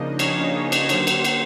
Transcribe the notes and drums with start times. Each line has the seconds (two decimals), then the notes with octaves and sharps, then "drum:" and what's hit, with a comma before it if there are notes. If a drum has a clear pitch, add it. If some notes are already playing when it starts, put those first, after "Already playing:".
Already playing: C#3 F3 A#3 D4 D#4 D#5
0.19 C#4 C#5, drum: cymbal
0.72 drum: cymbal
0.89 D3 F#3 A#3 C5, drum: cymbal
1.07 drum: cymbal
1.24 drum: cymbal